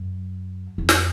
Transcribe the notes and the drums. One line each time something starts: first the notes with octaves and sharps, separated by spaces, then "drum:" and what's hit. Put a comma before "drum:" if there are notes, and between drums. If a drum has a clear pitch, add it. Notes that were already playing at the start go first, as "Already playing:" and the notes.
Already playing: F#2
F2
drum: snare